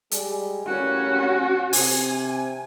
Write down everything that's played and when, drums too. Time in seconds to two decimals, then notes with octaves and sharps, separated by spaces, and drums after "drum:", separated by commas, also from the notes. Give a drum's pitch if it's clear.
0.11 G3 G#3 G#4, drum: hi-hat
0.66 A2 G3 A#3 C#4 F#4
1.73 C3 G#5, drum: open hi-hat